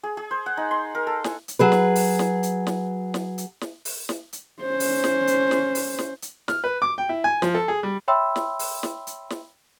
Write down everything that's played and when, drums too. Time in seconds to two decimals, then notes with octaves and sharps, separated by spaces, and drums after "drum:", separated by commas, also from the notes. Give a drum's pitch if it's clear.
0.03 G#4
0.17 G#4
0.31 C5
0.46 F#5
0.57 D#4
0.71 C6
0.95 A#4
1.07 A4
1.24 G#5, drum: snare
1.48 drum: hi-hat
1.59 F#3 G#4 B4
1.72 drum: snare
1.95 drum: open hi-hat
2.19 drum: snare
2.43 drum: hi-hat
2.67 drum: snare
3.14 drum: snare
3.38 drum: hi-hat
3.61 drum: snare
3.85 drum: open hi-hat
4.09 drum: snare
4.33 drum: hi-hat
4.62 C#4 C5
4.80 drum: open hi-hat
5.04 drum: snare
5.27 drum: hi-hat
5.51 drum: snare
5.75 drum: open hi-hat
5.99 drum: snare
6.22 drum: hi-hat
6.48 F6, drum: snare
6.64 B4
6.82 D6
6.98 G5
7.09 E4
7.24 G#5
7.42 F3, drum: snare
7.55 A4
7.68 G#4
7.83 G3
8.08 C#5 E5 G5 B5 C6 E6
8.36 drum: snare
8.59 drum: open hi-hat
8.83 drum: snare
9.07 drum: hi-hat
9.30 drum: snare